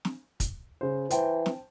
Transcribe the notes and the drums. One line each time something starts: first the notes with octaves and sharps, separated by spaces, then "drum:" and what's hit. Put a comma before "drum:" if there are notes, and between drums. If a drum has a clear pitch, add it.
drum: snare
drum: kick, hi-hat
C#3 C5
E3 C5 G5 A5, drum: hi-hat
drum: snare